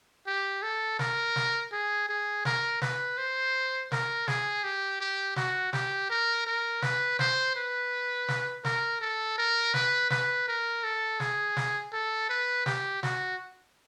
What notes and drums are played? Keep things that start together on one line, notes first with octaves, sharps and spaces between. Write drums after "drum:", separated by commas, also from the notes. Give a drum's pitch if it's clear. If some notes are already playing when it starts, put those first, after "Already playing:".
G4
A4
A#4, drum: snare
drum: snare
G#4
G#4
A#4, drum: snare
B4, drum: snare
C5
A#4, drum: snare
G#4, drum: snare
G4
G4
F#4, drum: snare
G4, drum: snare
A#4
A#4
B4, drum: snare
C5, drum: snare
B4
drum: snare
A#4, drum: snare
A4
A#4
B4, drum: snare
B4, drum: snare
A#4
A4
G#4, drum: snare
drum: snare
A4
B4
G4, drum: snare
F#4, drum: snare